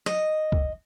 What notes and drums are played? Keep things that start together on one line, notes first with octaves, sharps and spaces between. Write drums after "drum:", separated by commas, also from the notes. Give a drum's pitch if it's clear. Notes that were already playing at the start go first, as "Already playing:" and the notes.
D#5, drum: snare
drum: kick